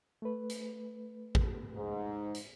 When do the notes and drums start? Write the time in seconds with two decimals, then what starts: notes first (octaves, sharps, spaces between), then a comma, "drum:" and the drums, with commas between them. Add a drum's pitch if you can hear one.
0.22 A3 B4
0.49 drum: hi-hat
1.35 drum: kick A1
1.76 G#2
2.34 drum: hi-hat